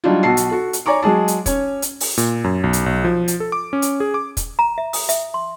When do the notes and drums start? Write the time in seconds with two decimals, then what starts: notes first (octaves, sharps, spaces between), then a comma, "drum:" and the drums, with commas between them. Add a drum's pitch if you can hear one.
0.04 F#3 G3 D4 D#4 F4
0.23 B1 F#4 A5 C7
0.37 drum: hi-hat
0.50 F#4 A4
0.73 drum: hi-hat
0.86 C#5 D5 G#5 A#5 C#6 D6
1.03 F#3 G#3 G#4 A5
1.28 drum: hi-hat
1.46 C#4 C#5, drum: kick, hi-hat
1.82 drum: hi-hat
2.00 drum: open hi-hat
2.17 A#2, drum: hi-hat
2.44 F#2
2.64 B1
2.73 drum: hi-hat
2.86 B1
3.05 F3
3.28 drum: hi-hat
3.40 A4
3.52 D6
3.73 C#4
3.82 drum: hi-hat
4.00 G#4
4.14 D6
4.37 drum: kick, hi-hat
4.59 A#5
4.78 E5
4.93 D#6, drum: open hi-hat
5.09 E5, drum: hi-hat
5.34 C6